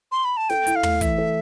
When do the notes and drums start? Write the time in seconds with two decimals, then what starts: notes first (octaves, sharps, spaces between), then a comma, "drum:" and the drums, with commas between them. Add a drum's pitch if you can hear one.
0.12 C6
0.25 B5
0.37 A5
0.49 A4 G5, drum: snare
0.67 E4, drum: hi-hat
0.76 F5
0.83 A3, drum: tom
1.01 E3 E5, drum: kick, hi-hat
1.18 A4